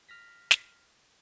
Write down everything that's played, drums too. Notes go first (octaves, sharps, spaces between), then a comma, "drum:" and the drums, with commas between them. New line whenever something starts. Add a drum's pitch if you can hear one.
F6 A#6 B6
drum: snare